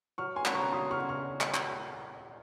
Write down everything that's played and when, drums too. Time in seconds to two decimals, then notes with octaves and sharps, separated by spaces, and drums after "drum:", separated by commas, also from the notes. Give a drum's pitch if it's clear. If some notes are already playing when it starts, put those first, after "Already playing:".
0.18 F#3 C#6 F6
0.36 G#5 C6
0.45 C#4 F#4, drum: clap
0.54 A#5 C#6
0.72 F#3 C6 D#6
0.91 C#6 F6
1.00 C#4 F#4
1.09 C#6 F6
1.41 drum: clap
1.54 drum: clap